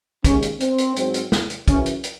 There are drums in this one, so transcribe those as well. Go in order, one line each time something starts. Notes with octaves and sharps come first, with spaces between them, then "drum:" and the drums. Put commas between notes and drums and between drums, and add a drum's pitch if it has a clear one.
D#2 C#3 G#3 C#4, drum: kick, hi-hat
drum: hi-hat
C4, drum: hi-hat
drum: hi-hat
G#2 F#3 C4, drum: hi-hat
drum: hi-hat
drum: snare
drum: hi-hat
F#2 C#3 E3 C#4, drum: kick, hi-hat
drum: hi-hat
drum: hi-hat